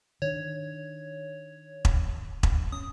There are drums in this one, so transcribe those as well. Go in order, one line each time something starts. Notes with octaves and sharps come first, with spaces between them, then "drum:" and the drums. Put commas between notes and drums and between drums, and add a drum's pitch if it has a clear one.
D#3 D4 C#5
drum: kick E1
drum: kick E1
C#4 D#6